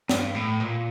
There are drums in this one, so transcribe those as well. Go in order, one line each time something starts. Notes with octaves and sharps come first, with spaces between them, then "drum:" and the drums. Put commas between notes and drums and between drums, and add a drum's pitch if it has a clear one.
G2, drum: snare
A2
A#2